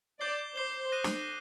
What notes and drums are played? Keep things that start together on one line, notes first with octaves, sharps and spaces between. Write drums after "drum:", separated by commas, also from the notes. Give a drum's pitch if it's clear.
D5 D6 G6 C7 G7
C5 D6 G6 C7 G7
D#6 F#6 A#6 D#7
drum: snare